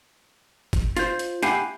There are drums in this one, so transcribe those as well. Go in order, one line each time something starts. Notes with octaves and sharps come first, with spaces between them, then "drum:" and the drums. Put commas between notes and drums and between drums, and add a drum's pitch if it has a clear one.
drum: kick, hi-hat
F4 C5, drum: hi-hat
drum: hi-hat
E4 G4 F5 F#5 G#5, drum: hi-hat